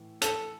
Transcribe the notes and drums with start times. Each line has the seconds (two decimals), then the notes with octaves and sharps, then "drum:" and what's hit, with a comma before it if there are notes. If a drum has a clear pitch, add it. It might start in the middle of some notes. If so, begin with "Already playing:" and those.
Already playing: A2 E3
0.22 A4, drum: hi-hat